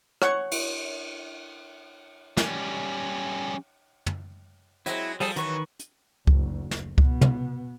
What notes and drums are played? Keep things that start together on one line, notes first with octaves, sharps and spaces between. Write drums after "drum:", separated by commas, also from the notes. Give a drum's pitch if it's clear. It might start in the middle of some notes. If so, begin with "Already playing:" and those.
C#5 F#5 C#6, drum: rim click
drum: cymbal
G3 C#4, drum: snare
drum: tom
F#3 G#3 C4 E4, drum: hi-hat
F3 G3 G#4 A4, drum: open hi-hat
D#3 E3 F#3 B4 C#6, drum: hi-hat
drum: hi-hat
F#1 D2, drum: kick C#2
drum: snare
B2 B3, drum: kick C#2
drum: tom